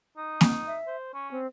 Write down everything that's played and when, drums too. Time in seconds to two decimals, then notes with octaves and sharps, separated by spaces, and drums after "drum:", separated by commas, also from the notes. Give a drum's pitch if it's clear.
0.17 D#4
0.41 drum: snare A#3
0.67 E5
0.87 C5
1.14 C#4 C#6
1.31 C4